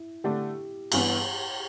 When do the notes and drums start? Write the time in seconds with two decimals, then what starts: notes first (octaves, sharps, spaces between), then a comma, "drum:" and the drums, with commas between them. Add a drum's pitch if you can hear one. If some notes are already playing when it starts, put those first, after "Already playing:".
Already playing: E4
0.24 D3 A3 D4 G4
0.92 G2 E3 B3, drum: cymbal